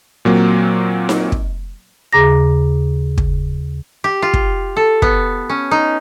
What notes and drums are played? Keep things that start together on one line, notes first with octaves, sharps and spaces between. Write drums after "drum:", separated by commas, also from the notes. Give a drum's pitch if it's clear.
A#2 F#3 A#3 C4
drum: snare D#4
drum: kick
D#2 C#3 G#4 A#5 D6 A#6
drum: kick
G4
F4
drum: kick
A4
B3, drum: kick
C#4
D#4